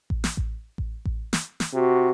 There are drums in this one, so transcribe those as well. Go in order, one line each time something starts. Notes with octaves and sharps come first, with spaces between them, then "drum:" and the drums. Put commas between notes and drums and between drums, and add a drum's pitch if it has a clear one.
drum: kick A1
drum: snare
drum: kick A1
drum: kick A1
drum: kick A1
drum: snare
drum: snare
C3 F#4